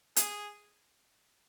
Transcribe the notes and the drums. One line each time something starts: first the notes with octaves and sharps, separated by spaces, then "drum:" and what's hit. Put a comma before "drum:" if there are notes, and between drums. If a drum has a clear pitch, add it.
G#4, drum: hi-hat